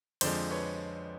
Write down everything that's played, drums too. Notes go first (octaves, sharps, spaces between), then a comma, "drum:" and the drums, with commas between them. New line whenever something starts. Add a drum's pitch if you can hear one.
F2 D3 F3 G#3 C5 D5, drum: cymbal
B4 C#5